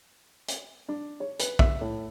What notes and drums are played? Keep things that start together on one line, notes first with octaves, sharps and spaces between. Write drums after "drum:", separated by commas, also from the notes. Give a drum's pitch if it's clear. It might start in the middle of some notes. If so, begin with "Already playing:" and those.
drum: hi-hat
D4
C#5
B4, drum: hi-hat
E5, drum: kick
A2